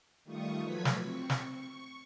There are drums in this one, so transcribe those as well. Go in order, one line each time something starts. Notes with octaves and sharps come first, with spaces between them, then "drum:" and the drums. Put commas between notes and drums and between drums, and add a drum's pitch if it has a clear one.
D#3 G3 A3 F4 C#6 D#6
F3 F#3 A3 B4 G#6 B6
drum: snare
C4 C#6
drum: snare
C#6